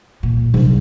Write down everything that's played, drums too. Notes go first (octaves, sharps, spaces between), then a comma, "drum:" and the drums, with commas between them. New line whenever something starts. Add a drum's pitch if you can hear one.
A#2
C2, drum: tom F#3